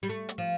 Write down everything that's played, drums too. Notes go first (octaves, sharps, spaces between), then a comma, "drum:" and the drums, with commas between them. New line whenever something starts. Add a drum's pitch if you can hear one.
G3
A3
drum: hi-hat
F3